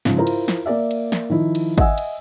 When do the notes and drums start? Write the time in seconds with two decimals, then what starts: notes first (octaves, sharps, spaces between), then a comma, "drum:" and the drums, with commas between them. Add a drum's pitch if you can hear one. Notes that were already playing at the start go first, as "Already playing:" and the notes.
0.05 G#2 C#3 F3, drum: snare
0.18 E4 F4 A#4 C5 A#5
0.27 drum: cymbal
0.48 drum: snare
0.66 A#3 A#4 D5 E5
0.91 drum: cymbal
1.12 drum: snare
1.30 D#3 F3 E4 D#5
1.55 drum: cymbal
1.78 D#5 E5 F#5 G#5 E6, drum: kick G#1, cymbal
1.98 drum: cymbal